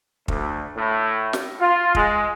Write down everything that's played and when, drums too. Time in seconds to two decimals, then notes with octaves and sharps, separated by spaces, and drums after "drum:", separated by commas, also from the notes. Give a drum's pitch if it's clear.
0.28 D2, drum: kick
0.76 A2
1.33 drum: snare
1.59 F4
1.95 G#3, drum: kick